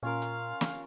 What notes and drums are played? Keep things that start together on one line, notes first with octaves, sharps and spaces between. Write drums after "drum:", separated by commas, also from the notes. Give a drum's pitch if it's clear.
A#2 C#4 F4 A#4 F5
drum: hi-hat
drum: snare